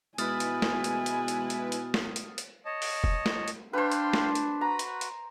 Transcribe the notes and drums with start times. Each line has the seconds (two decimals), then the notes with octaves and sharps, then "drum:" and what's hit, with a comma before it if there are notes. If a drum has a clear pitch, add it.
0.18 B2 G#3 E4 B4 G#5 D#6 F6 A6, drum: hi-hat
0.40 drum: hi-hat
0.62 drum: snare
0.84 drum: hi-hat
1.06 drum: hi-hat
1.28 drum: hi-hat
1.50 drum: hi-hat
1.72 drum: hi-hat
1.94 drum: snare
2.16 drum: hi-hat
2.38 drum: hi-hat
2.65 C#5 D#5 A5
2.82 drum: open hi-hat
3.04 drum: kick F1
3.26 drum: snare
3.48 drum: hi-hat
3.73 D4 B4 C5 F5 G5 C6
3.92 drum: hi-hat
4.13 drum: snare
4.35 drum: hi-hat
4.61 F#4 B4 A#5
4.79 drum: hi-hat
5.01 drum: hi-hat